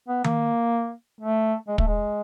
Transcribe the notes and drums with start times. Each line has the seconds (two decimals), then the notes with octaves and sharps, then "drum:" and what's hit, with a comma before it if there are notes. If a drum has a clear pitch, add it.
0.08 B3
0.24 A#3, drum: tom D#3
1.21 A3
1.68 G#3
1.78 A3, drum: kick
1.87 G#3